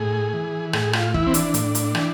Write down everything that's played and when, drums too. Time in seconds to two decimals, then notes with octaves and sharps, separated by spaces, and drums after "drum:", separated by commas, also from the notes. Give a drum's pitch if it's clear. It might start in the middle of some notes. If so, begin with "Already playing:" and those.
Already playing: A2 G#4
0.34 E3
0.73 A2 G#4, drum: rim click
0.93 F4, drum: rim click
1.14 E3 E4, drum: kick
1.27 C4
1.34 D4, drum: hi-hat
1.54 A2, drum: hi-hat
1.75 drum: hi-hat
1.95 E3, drum: rim click